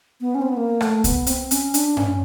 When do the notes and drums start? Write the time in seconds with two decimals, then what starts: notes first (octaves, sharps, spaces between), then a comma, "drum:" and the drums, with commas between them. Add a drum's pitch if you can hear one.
0.21 B3
0.35 C#4
0.42 C4
0.49 B3
0.57 A#3
0.81 A3, drum: rim click
1.04 B3, drum: kick C2, hi-hat
1.27 C4, drum: hi-hat
1.51 C#4, drum: hi-hat
1.74 D4, drum: hi-hat
1.97 C#4, drum: tom G2